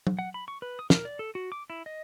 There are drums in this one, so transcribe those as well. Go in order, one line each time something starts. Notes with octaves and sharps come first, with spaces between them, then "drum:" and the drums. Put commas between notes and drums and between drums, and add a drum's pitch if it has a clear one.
drum: tom F#3
F#5
B5
C#6
B4
D#6
A#4, drum: snare
D5
A4
F#4
D6
E4
D#5